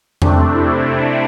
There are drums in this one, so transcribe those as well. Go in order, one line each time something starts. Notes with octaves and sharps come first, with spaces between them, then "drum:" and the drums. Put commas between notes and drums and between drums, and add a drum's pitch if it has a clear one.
C3 A3 C4 D4, drum: tom E2
E4